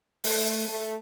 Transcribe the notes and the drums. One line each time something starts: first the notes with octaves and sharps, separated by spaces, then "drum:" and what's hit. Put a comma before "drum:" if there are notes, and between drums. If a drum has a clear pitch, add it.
A3, drum: open hi-hat
A3